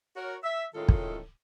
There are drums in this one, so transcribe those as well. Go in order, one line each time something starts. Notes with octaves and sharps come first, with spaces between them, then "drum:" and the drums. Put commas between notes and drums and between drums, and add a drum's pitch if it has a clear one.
F#4 A#4 C#5
E5
A2 D#3 G#3 C#4 F4 A4
drum: kick